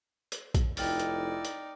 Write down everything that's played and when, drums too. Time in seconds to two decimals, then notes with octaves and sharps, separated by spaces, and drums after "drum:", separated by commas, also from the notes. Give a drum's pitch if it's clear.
0.32 drum: hi-hat
0.54 drum: kick, hi-hat
0.77 F1 D#4 E4 D5 G5 F6 A6, drum: open hi-hat
1.00 drum: hi-hat
1.45 drum: hi-hat